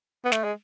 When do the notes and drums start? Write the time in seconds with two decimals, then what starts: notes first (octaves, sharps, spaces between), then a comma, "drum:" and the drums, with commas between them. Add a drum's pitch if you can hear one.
0.25 B3
0.32 A3, drum: snare
0.44 G#3